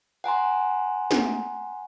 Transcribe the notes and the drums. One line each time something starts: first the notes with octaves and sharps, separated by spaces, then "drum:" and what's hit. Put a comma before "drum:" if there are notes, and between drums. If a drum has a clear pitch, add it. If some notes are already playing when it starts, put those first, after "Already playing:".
F#5 G#5 A#5 C6
drum: snare